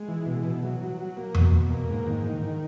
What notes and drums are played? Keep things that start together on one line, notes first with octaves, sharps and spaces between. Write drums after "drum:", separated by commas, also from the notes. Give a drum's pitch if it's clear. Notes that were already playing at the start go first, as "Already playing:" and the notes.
Already playing: G#3
E3
B2
B2
F#3
F#3
F#3
A#3
B2, drum: tom F2
B2
A#3
G#2
D#3
D#3
D#3